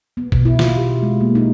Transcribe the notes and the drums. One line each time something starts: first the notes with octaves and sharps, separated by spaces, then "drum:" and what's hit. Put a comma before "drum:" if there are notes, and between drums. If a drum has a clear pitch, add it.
B3
B2, drum: kick
E4
F4, drum: snare
G4
G#3
A#3
D#4